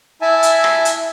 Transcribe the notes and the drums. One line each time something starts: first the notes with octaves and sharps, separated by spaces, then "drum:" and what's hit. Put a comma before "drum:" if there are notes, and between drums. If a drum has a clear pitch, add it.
E4 E5 G#5 A5
drum: hi-hat
drum: rim click
drum: hi-hat